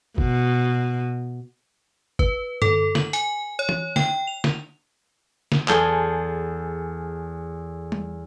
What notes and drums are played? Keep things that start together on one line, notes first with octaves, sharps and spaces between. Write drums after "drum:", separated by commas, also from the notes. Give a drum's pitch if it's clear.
B2, drum: kick
B4, drum: kick
A4, drum: tom G2
F#7, drum: snare
G#5, drum: hi-hat
C#5
drum: tom E3
G5, drum: snare
F7
drum: snare
drum: snare
E2 G#4 A4 G6, drum: clap
drum: tom G3